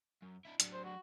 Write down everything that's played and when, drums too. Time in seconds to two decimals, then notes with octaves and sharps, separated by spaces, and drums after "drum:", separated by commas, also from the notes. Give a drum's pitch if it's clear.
0.22 F#2
0.45 D4 E4
0.60 F#3 D4, drum: hi-hat
0.73 C5
0.85 F#4